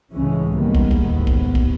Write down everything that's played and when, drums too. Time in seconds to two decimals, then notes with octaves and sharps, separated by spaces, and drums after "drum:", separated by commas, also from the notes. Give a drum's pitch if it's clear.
0.11 C#2 A2 C#3 E3 G#3 C#4
0.55 D#3 G3 G#3 A#3 B3
0.75 drum: kick
0.91 drum: kick
1.00 A1 D#2 G#2 D#3 B3
1.27 drum: kick
1.55 drum: kick